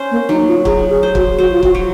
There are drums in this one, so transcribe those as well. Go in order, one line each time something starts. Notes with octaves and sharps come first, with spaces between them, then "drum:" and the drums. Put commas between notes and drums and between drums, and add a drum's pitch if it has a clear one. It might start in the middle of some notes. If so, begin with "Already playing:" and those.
Already playing: C#4 C5
A#3
F#3 D#4
F4
F#3 G#4, drum: kick
G#4
C5
F#4, drum: kick
F#4 C5
F4
F#4, drum: kick
F#3